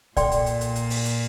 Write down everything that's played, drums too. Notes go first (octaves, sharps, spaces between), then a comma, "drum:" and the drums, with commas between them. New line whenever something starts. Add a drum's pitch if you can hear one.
A#2 A4 D5 G5 C6, drum: kick, hi-hat
drum: hi-hat
drum: hi-hat
drum: hi-hat
drum: hi-hat
drum: open hi-hat
drum: hi-hat